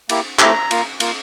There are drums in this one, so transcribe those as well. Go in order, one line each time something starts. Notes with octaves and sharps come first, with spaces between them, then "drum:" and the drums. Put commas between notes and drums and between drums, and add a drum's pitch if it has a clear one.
A#3 E4 G4, drum: cymbal
A3 C4 E4 G4 A#5, drum: clap
A#3 F4, drum: cymbal
A#3 F4, drum: cymbal